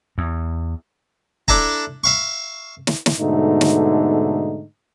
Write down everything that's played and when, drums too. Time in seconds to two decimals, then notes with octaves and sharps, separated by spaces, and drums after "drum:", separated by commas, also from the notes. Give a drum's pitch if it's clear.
0.18 E2
1.48 D4 E4 A4 E5 A5 A#5, drum: kick
2.04 E5 F5 C#6
2.87 drum: snare
3.06 drum: snare
3.19 G#2 B2 D3 A3 D#4
3.61 drum: snare